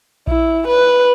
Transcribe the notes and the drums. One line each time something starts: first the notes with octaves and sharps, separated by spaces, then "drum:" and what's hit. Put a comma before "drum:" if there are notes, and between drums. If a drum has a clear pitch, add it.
E4, drum: kick A#1
B4